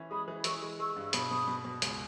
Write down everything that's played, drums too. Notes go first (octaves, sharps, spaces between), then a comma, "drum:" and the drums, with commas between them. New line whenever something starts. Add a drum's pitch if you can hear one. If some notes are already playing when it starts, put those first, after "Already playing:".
Already playing: E3 C#4
G#3 B5 D#6
E3
E3 C#6 E6, drum: hi-hat
G#3
G#3 C#6 E6
G2
E6
B2 B5 D#6, drum: hi-hat
B2
B2
B2
C#2, drum: hi-hat